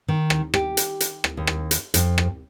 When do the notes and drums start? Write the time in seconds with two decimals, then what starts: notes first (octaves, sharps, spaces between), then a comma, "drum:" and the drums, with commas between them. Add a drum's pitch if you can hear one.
0.08 D#3
0.30 drum: rim click
0.54 G4, drum: rim click
0.77 drum: hi-hat
1.00 drum: hi-hat
1.24 drum: rim click
1.37 D#2
1.47 drum: rim click
1.71 drum: hi-hat
1.94 F2, drum: hi-hat
2.18 drum: rim click